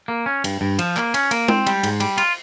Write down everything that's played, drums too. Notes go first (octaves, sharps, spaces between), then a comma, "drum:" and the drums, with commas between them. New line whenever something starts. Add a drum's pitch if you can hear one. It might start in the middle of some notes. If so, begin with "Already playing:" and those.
A#3
C#4
G2, drum: cymbal
G2
F3, drum: cymbal
A#3, drum: clap
C#4, drum: cymbal
A#3, drum: cymbal
C4, drum: tom G#3
G3, drum: cymbal
G#2, drum: cymbal
G3, drum: cymbal
F4, drum: cymbal